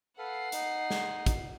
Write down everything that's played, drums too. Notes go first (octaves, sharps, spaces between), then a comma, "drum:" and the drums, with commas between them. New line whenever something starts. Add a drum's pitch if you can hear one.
A4 B4 F5 F#5 C7
D#4, drum: hi-hat
drum: snare
drum: kick, hi-hat